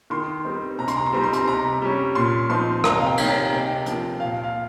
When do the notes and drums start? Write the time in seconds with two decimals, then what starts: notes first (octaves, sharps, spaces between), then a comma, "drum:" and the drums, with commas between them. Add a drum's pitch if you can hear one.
0.10 D#3 C6
0.45 G3 C4 D#4
0.78 C3 A#5
0.88 C6, drum: hi-hat
0.96 A#5
1.06 C6
1.13 G3 C4 D#4 A#5
1.23 C6
1.33 A#5, drum: hi-hat
1.48 C3 A#5
1.82 G3 C#4
2.15 A#2 C6
2.49 F3 C4 D#4 C6
2.84 C3 A#5, drum: rim click
3.00 F5
3.06 G5
3.18 D#3 G3 A#3 D#4, drum: cymbal
3.29 A#5
3.53 C3 G5
3.86 F3 A#3, drum: hi-hat
4.20 A#2 F5
4.43 F5